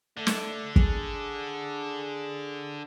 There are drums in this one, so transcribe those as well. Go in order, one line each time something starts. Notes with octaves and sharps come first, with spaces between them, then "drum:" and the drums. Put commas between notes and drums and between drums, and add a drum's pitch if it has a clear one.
D3 A3 D4
drum: snare
G#4, drum: kick